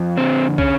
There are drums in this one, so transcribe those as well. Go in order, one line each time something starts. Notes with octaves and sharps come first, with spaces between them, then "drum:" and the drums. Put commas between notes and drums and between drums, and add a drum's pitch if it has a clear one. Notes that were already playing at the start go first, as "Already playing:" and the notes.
Already playing: F2 F3
D3 C4
C#4, drum: kick